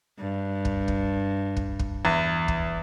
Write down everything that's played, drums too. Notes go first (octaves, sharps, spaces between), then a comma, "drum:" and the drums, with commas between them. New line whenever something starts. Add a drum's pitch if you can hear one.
G2
drum: kick
drum: kick
drum: kick
drum: kick
E2
drum: kick